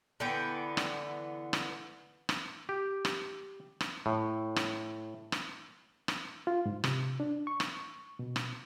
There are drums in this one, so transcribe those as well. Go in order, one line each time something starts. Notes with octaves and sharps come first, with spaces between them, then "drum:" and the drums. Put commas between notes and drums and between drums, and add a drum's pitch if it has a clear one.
D3 E3 B3 G5
drum: rim click
drum: rim click
drum: rim click
G4
drum: rim click
drum: rim click
A2
drum: rim click
drum: rim click
drum: rim click
F4
G#2
C3, drum: rim click
D4
C#6
drum: rim click
B2
drum: rim click